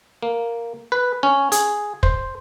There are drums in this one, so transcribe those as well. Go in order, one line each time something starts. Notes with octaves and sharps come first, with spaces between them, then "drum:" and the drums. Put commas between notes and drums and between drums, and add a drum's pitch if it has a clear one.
A#3
B4
C#4
G#4, drum: hi-hat
C5, drum: kick